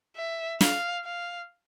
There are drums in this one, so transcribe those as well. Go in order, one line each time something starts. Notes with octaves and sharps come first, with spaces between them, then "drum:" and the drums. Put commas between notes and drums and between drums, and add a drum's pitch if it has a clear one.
E5
F5, drum: snare
F5